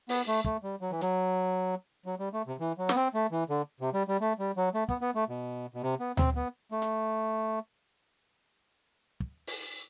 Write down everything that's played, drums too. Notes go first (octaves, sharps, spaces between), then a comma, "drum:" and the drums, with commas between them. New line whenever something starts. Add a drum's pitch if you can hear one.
B3, drum: open hi-hat
A3
A3, drum: kick
G3
F#3
E3
F#3, drum: hi-hat
F#3
G3
A3
C3
E3
F#3
B3, drum: snare
C4
A3
E3
D3
C3
G3
G3
A3
G3
F#3
A3
B3, drum: kick
B3
A3
B2
B2
C3
B3
C4, drum: tom D2
B3
A3
drum: hi-hat
drum: kick
drum: open hi-hat